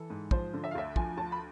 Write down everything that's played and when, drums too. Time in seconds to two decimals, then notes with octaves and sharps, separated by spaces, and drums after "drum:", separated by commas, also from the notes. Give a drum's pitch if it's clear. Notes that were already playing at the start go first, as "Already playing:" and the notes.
Already playing: E3 A4
0.10 G#2
0.31 F3 C5, drum: kick
0.54 D3
0.64 E5
0.71 F5
0.75 D2 E5
0.96 F3 G#5, drum: kick
1.17 D2 A5
1.32 B5